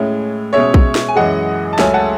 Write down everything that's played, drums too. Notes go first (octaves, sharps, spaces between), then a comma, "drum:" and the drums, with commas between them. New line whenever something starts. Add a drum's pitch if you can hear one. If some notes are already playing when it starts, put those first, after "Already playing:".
Already playing: A2 G#3 C#4 E4
B2 G#3 C#4 C#5 E5
drum: kick A#1
drum: snare
G#5
F#2 E3 G#3 D#5 F#5
A5
C#2 C#3 F#3 A3 C#4 E5 G#5, drum: snare
F#5 A5